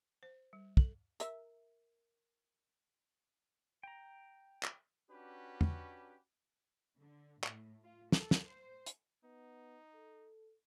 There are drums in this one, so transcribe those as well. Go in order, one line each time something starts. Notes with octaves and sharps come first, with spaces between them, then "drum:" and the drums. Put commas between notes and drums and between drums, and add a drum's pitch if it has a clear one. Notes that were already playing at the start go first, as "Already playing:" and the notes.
C5
G3
A4, drum: kick
A#4 E5, drum: hi-hat
G5 A#5
drum: clap
C#4 D4 F#4 G4 B4
drum: tom
D3
A2, drum: clap
F4
A4, drum: snare
drum: snare
C5
drum: hi-hat
B3 D#4
A4